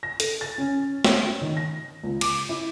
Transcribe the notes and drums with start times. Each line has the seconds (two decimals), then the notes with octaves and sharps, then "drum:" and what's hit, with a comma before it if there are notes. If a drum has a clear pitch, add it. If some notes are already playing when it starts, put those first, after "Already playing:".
0.03 A#6
0.20 A4, drum: hi-hat
0.41 A6
0.58 C#4
1.05 C#5, drum: snare
1.41 D#3
1.57 A#6
2.04 C#2
2.21 D6, drum: cymbal
2.49 E4